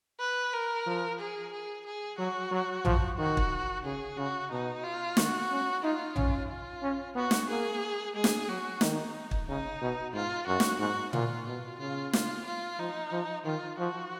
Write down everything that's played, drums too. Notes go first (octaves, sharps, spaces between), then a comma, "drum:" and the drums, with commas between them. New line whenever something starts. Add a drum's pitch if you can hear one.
B4
A#4
F3
G#4
G#4
G#4
F#3 F#4
F#3
F3, drum: tom A#1
D#3 F#4
drum: kick
C#3 G#4
C#3 F#4
B2 D#4
F4
D#3 F#4, drum: snare
C#4
D#4 F4
C#4, drum: tom A#1
F4
C#4
B3 F#4
drum: snare
A#3 G#4
G#3 G#4
drum: snare
F#3 F#4
D#3 D#4, drum: snare
drum: kick
C#3 D#4
B2
G#2 F4
F#2 F#4
drum: snare
G#2 F#4
A#2 F4, drum: tom A#2
B2 F4
C#3 F4
F4, drum: snare
F4
F3 D#4
F3
D#3 F4
F3 F#4